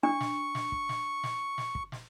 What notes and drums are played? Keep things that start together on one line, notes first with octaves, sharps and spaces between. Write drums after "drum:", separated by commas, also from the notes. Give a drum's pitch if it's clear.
D4 C#6
drum: snare
drum: snare
drum: kick
drum: snare
drum: snare
drum: snare
drum: kick
drum: snare